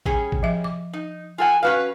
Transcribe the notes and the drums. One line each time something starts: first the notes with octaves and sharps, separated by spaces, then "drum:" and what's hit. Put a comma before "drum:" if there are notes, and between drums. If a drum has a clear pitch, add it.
G3 C#4 G#4, drum: kick A1
drum: kick A1
F3 E5
D6
D#4
F4 A4 F#5 G#5
C#4 F#4 B4 F5